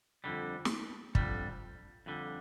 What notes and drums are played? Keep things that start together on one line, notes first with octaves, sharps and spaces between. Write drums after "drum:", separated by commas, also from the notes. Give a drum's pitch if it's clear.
F2 D3 G3
drum: snare
F2 D3 G3, drum: kick
F2 D3 G3